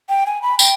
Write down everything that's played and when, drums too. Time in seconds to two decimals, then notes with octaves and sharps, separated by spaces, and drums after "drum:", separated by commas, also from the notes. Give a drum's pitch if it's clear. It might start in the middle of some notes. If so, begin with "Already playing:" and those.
0.09 G5
0.26 G#5
0.42 B5
0.59 G5, drum: tambourine